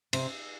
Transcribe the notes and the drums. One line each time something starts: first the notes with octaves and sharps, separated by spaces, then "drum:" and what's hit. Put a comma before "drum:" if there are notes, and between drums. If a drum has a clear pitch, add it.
C3, drum: cymbal